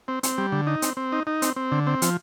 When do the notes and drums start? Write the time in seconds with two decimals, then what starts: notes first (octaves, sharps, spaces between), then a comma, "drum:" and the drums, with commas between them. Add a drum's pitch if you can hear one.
0.08 C4
0.23 C4, drum: hi-hat
0.38 G3
0.52 D3
0.67 D#4
0.82 C4, drum: hi-hat
0.97 C4
1.12 D#4
1.27 D#4
1.42 C4, drum: hi-hat
1.56 C4
1.72 D3
1.87 C4
2.02 F3, drum: hi-hat